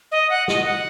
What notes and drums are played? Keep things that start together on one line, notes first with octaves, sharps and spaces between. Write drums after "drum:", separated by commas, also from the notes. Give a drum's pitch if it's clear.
D#5
F#5
D#5, drum: snare
F#5